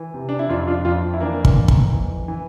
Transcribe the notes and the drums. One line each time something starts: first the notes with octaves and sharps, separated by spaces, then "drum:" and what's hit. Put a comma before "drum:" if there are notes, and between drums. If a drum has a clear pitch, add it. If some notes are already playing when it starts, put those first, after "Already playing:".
Already playing: E3
C3
D4
E4
F2 D4 F4
D4 F4
F2 D4 F4
E4
E3 A#3 D4
drum: kick
F2
drum: kick
E3
E3